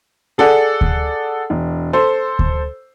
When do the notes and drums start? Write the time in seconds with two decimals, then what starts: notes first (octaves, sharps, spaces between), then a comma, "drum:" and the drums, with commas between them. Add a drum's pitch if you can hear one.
0.38 G#4 A4 D5 F#5
0.81 drum: kick D2
1.50 E1
1.93 A4 C5
2.39 drum: kick D2